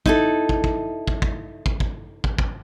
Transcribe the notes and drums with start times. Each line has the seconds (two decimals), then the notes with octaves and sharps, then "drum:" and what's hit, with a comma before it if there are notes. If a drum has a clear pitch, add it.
0.06 D#4 E4 A4, drum: kick
0.49 drum: kick
0.64 drum: kick
1.08 drum: kick
1.22 drum: kick
1.66 drum: kick
1.80 drum: kick
2.24 drum: kick
2.39 drum: kick